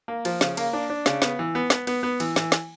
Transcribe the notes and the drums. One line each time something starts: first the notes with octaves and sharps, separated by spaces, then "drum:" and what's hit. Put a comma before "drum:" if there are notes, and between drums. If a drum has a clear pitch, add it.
A#3
F3, drum: cymbal
C#3, drum: snare
A#3, drum: cymbal
D4
D4
C#3, drum: snare
B3, drum: snare
E3
B3
B3, drum: snare
B3, drum: cymbal
B3
E3, drum: cymbal
E3, drum: snare
drum: snare